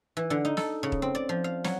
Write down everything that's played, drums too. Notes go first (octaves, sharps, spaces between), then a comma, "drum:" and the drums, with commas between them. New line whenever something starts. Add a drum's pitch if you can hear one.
E3
D3
D#4
A4, drum: snare
C#3
drum: kick
C4
D5
F3
F5
F#3, drum: snare